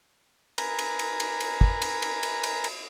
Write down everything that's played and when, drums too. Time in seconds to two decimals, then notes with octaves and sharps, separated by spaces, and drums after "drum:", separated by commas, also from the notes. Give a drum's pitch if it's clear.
0.58 A#4 B4 G#5 A#5, drum: cymbal
0.79 drum: cymbal
0.99 drum: cymbal
1.20 drum: cymbal
1.40 drum: cymbal
1.61 drum: kick
1.82 drum: cymbal
2.02 drum: cymbal
2.23 drum: cymbal
2.43 drum: cymbal
2.64 drum: cymbal